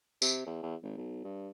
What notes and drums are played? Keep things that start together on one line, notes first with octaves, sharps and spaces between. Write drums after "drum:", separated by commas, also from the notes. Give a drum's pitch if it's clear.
C3, drum: tambourine
E2
E2
G#1
B1
G2